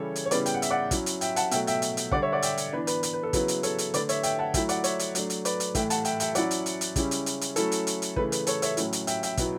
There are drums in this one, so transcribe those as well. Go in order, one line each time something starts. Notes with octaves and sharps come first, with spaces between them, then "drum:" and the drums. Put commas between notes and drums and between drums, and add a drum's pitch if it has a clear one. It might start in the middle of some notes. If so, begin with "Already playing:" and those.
Already playing: C#3 E3 G3 C#4 E4 A4 C#5
drum: hi-hat
C#5
C#3 G3 B3 E4 B4 D5, drum: hi-hat
G5, drum: hi-hat
F#5
E5, drum: hi-hat
D5 F#5
F#3 C#4 E4, drum: kick, hi-hat
drum: hi-hat
E5 G5, drum: hi-hat
F#5 A5, drum: hi-hat
B2 F#3 A3 E5 G5, drum: hi-hat
E5 G5, drum: hi-hat
drum: hi-hat
drum: hi-hat
D3 G3 D4 D5 F#5, drum: kick
C#5 E5
D5 F#5
E5 G5, drum: hi-hat
drum: hi-hat
E3 B3 D4 B4
B4, drum: hi-hat
B4, drum: hi-hat
B4
A4
C#3 F#3 B3 E4 B4, drum: kick, hi-hat
drum: hi-hat
A4 C#5, drum: hi-hat
drum: hi-hat
D3 A3 D4 B4 D5, drum: hi-hat
C#5 E5, drum: hi-hat
E5 G5, drum: hi-hat
F#5 A5
F#3 A3 E4 E5 G5, drum: kick, hi-hat
D5 F#5, drum: hi-hat
C#5 E5, drum: hi-hat
drum: hi-hat
F#3 A3 D4, drum: hi-hat
drum: hi-hat
B4 D5, drum: hi-hat
drum: hi-hat
A2 E3 A3 E5 G5, drum: kick, hi-hat
F#5 A5, drum: hi-hat
E5 G5, drum: hi-hat
E5 G5, drum: hi-hat
F#3 C#4 E4 D5 F#5, drum: hi-hat
drum: hi-hat
drum: hi-hat
drum: hi-hat
C#3 G3 C#4 E4, drum: kick, hi-hat
drum: hi-hat
drum: hi-hat
drum: hi-hat
F#3 A3 C#4 E4 A4, drum: hi-hat
drum: hi-hat
drum: hi-hat
drum: hi-hat
C#3 E3 A3 E4 B4, drum: kick
B4, drum: hi-hat
A4 C#5, drum: hi-hat
C#5 E5, drum: hi-hat
A2 F#3 C#4 E4, drum: hi-hat
drum: hi-hat
E5 G5, drum: hi-hat
E5 G5, drum: hi-hat
B2 F#3 B3 E4, drum: kick, hi-hat